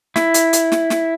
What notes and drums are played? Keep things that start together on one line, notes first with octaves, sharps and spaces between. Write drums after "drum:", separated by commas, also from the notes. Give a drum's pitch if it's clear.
E4, drum: snare
drum: hi-hat
drum: hi-hat
drum: snare
drum: snare